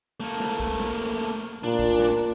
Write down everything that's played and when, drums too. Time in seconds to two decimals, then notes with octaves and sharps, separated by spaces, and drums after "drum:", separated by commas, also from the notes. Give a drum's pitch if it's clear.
0.20 A3 A#3, drum: hi-hat
0.40 drum: snare
0.60 drum: kick, hi-hat
0.80 drum: snare
1.00 drum: hi-hat
1.20 drum: hi-hat
1.39 drum: hi-hat
1.64 A#2 D4
1.79 drum: kick, hi-hat
1.99 drum: snare
2.19 drum: hi-hat